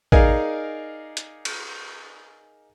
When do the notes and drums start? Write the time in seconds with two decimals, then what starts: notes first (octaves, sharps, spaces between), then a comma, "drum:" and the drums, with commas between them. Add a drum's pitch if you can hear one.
0.12 D#4 G#4 A#4 D5 F5 G#5, drum: kick
1.17 drum: hi-hat
1.45 drum: cymbal